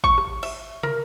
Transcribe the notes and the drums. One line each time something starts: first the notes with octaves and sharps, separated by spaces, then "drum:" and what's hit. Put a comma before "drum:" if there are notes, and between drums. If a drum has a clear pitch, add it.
C#6, drum: kick
drum: rim click
E5, drum: cymbal
A#4, drum: tom